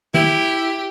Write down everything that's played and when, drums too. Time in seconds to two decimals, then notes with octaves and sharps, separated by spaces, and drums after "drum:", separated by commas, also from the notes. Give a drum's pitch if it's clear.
0.14 E4 G4, drum: tom D#3